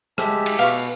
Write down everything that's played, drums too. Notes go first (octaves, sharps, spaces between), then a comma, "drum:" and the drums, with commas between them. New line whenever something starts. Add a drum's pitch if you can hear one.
G#3 G4 E5 A5, drum: rim click
drum: cymbal
B2 B4 F5 C#6